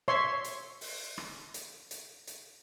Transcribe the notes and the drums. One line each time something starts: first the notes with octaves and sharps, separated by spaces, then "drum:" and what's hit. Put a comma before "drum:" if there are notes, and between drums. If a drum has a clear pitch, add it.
C#5 E5 C6, drum: rim click
drum: hi-hat
drum: open hi-hat
drum: rim click
drum: hi-hat
drum: hi-hat
drum: hi-hat